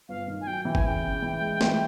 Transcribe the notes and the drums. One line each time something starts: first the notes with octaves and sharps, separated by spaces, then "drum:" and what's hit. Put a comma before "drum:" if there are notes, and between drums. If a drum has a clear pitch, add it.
G1 F5
D#3
G#5
F#3 G5
E3 G5
G#5, drum: kick G1
C#3 G5
C#3
E3
G#3
E3, drum: snare